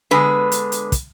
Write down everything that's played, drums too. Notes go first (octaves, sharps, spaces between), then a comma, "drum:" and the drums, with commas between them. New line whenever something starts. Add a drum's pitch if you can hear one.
D3 G#3 B3 B4
drum: hi-hat
drum: hi-hat
drum: kick, hi-hat